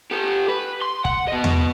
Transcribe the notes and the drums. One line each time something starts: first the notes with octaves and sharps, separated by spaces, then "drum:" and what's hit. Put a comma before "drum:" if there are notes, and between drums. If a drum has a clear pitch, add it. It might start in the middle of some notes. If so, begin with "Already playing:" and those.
G4 A4
B4
C6
F#5, drum: kick
B3 D#5
drum: tom E2